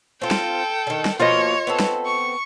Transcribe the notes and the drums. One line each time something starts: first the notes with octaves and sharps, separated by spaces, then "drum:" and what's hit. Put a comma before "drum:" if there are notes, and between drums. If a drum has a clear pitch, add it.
C4 F4 A4 G5
drum: snare
D3 D#3
drum: snare
B2 F3 A#3 F4 C#5 D#5
B3 C4 A4
drum: snare
C#6